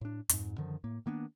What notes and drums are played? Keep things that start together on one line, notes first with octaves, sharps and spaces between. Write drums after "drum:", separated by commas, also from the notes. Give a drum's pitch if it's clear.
A2 D4
F2 G#2, drum: hi-hat
F#2 D3 D#3 F3
A2 A#3
D#3 A#3 B3 D4